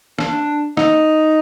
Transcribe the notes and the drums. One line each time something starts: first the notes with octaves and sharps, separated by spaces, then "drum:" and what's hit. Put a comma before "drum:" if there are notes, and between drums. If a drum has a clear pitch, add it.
D4, drum: rim click
D#4, drum: rim click